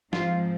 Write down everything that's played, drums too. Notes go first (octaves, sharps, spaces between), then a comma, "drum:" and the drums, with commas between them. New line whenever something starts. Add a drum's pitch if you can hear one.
G#2 F3 G#3 C4 F4, drum: snare